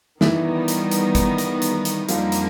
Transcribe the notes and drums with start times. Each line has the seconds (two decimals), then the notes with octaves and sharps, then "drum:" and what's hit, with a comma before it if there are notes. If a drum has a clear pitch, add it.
0.21 D#3 E3 G3 B3 D#4 E4, drum: snare
0.68 drum: hi-hat
0.91 drum: hi-hat
1.15 drum: kick, hi-hat
1.38 drum: hi-hat
1.62 drum: hi-hat
1.85 drum: hi-hat
2.09 F2 D3 F3 G3 A#3 D#4 F4, drum: hi-hat
2.32 drum: hi-hat